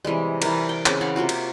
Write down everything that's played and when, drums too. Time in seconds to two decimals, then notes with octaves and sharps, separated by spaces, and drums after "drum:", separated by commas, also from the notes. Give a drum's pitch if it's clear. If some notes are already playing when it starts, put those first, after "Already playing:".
0.05 C3 E3 G3 G#3
0.42 E3 A#4, drum: cymbal
0.69 G5
0.86 C#3 C4 G#4, drum: clap
1.01 E3 F5 F#5 G#5
1.16 C3 A#3 F4 F#4
1.29 drum: cymbal